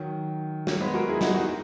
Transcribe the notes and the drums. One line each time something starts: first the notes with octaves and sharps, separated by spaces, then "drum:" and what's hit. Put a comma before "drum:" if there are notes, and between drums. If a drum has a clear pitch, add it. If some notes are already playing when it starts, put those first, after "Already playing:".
Already playing: D#3 F#3
F#3 A#3, drum: snare
G#3 B3
F#4 A#4
E4 G#4
D#4 F#4, drum: snare
D#4 F#4